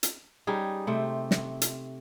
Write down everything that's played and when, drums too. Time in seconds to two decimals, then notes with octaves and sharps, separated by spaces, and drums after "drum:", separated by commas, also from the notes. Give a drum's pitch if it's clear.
0.03 drum: hi-hat
0.47 G3 C#4 D#4 G#4
0.87 C3 A3 C4
1.31 drum: snare
1.62 drum: hi-hat